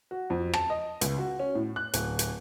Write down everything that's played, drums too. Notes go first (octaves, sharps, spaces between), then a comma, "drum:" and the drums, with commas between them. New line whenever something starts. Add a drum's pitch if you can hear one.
F#4
F2
A5, drum: rim click
D#5
C#2, drum: hi-hat
F#4
C#4
A2
F#6
D1, drum: hi-hat
drum: hi-hat